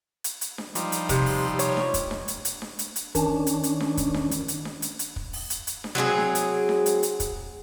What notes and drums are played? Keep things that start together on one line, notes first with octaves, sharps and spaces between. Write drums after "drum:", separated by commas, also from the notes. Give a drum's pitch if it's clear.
drum: hi-hat
drum: hi-hat
drum: snare D4
F3 G3 D#4, drum: hi-hat
drum: hi-hat
C3, drum: kick, hi-hat
drum: open hi-hat
C#5, drum: hi-hat
drum: snare D4
drum: kick, hi-hat
drum: snare D4
drum: hi-hat
drum: hi-hat
drum: snare D4
drum: hi-hat
drum: hi-hat
D#3 C#4 D4, drum: kick, hi-hat
drum: hi-hat
drum: hi-hat
drum: snare D4
drum: kick, hi-hat
drum: snare D4
drum: hi-hat
drum: hi-hat
drum: snare D4
drum: hi-hat
drum: hi-hat
drum: kick
drum: open hi-hat
drum: hi-hat
drum: hi-hat
drum: snare D4
F#3 C4 D#4 G#4
drum: snare D4
drum: hi-hat
drum: snare D4
drum: hi-hat
drum: hi-hat
drum: kick, hi-hat